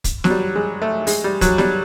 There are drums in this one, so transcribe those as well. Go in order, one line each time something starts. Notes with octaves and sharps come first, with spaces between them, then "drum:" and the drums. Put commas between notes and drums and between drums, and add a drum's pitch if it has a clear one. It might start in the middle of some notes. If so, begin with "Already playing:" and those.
drum: kick, hi-hat
F#3, drum: snare
G3
G#3
A3
G#3, drum: open hi-hat
G3
F#3, drum: kick, hi-hat
G3, drum: snare